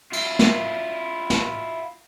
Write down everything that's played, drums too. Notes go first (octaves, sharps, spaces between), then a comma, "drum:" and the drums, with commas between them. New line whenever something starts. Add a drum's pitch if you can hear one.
E4 F4, drum: cymbal
drum: snare
drum: snare